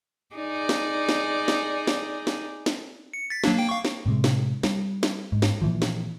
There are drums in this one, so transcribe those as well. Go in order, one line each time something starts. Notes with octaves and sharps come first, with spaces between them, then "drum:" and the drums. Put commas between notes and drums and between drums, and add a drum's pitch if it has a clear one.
D#4 G#4 D5
drum: snare
drum: snare
drum: snare
drum: snare
drum: snare
drum: snare
C#7
A6 B6
F#3 A#3 D4, drum: snare
A#3 G5
F5 C#6
drum: snare
A2 C3 G#3
drum: snare
G3, drum: snare
drum: snare
G#2
drum: snare
A#2 E3 F3
drum: snare